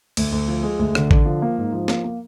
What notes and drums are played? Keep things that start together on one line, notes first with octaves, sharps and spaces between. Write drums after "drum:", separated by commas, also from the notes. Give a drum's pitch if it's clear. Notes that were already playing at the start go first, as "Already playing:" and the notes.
D2, drum: cymbal
D2
F3
G#3
D2
D3, drum: rim click
D3, drum: kick
F3
A#3
G#2
F3
A#3, drum: snare
A#3